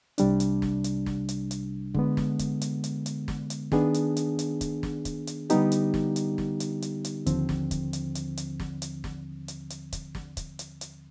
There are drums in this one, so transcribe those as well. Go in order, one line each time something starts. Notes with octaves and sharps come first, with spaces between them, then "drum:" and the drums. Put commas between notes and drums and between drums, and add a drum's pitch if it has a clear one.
C2 C3 G3 D4, drum: hi-hat
drum: hi-hat
drum: snare
drum: hi-hat
drum: snare
drum: hi-hat
drum: hi-hat
D3 G#3 B3, drum: kick
drum: snare
drum: kick, hi-hat
drum: hi-hat
drum: hi-hat
drum: hi-hat
drum: snare
drum: hi-hat
D#3 B3 D4 G#4, drum: snare
drum: hi-hat
drum: hi-hat
drum: hi-hat
drum: kick, hi-hat
drum: snare
drum: kick, hi-hat
drum: hi-hat
D3 G3 B3 D#4 G4, drum: hi-hat
drum: hi-hat
drum: snare
drum: hi-hat
drum: snare
drum: hi-hat
drum: hi-hat
drum: hi-hat
D#2 D3 F3 C4, drum: kick, hi-hat
drum: snare
drum: kick, hi-hat
drum: hi-hat
drum: hi-hat
drum: hi-hat
drum: snare
drum: hi-hat
drum: snare
drum: hi-hat
drum: hi-hat
drum: kick, hi-hat
drum: snare
drum: kick, hi-hat
drum: hi-hat
drum: hi-hat